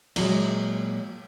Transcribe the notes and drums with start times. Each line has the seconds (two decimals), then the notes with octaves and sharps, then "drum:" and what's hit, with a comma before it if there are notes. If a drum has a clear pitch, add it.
0.16 A#2 F#3 G#3, drum: cymbal